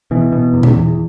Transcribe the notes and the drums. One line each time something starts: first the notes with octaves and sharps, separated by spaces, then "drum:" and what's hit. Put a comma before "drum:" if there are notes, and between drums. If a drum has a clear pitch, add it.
B2 E3
B2
E2
drum: tom A#2
E2